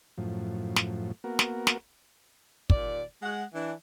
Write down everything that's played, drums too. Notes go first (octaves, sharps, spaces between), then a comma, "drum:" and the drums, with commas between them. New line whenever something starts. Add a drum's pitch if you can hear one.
F#2 A2 F3
drum: snare
A#3 B3 F#4 A#4
drum: snare
drum: snare
D#2 A#2 D5, drum: kick
G#3 F#5
E3 D4